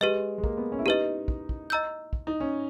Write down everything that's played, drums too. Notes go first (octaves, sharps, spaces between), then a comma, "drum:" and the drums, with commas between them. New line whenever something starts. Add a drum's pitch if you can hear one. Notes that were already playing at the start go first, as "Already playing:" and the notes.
G#3 G4 B4 D#5
G#3
A#3, drum: kick
B3
C#4
E4
D#4 G4 B4 D#5
drum: kick
drum: kick
D#5 A#5 E6 G6
drum: kick
D#4
C#4